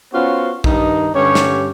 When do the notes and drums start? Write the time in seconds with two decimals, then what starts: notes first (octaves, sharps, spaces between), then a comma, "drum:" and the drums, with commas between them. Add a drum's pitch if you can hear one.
0.13 B3 C#4 F4 F#4 C5
0.64 G2 D#3 D#4, drum: kick A#1
1.14 G2 D3 C#4 G4 C#5
1.35 drum: snare